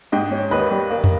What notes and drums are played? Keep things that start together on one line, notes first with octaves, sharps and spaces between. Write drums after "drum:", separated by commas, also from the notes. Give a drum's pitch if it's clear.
G#2 D#5 G5
C#4
D#2 B4 D#5
G3
A#3
drum: tom